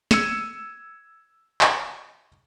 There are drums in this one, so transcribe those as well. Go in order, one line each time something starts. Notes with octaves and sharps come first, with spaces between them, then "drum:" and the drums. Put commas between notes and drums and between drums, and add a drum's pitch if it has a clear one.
E6 G#6 C#7 D#7 E7, drum: snare
drum: clap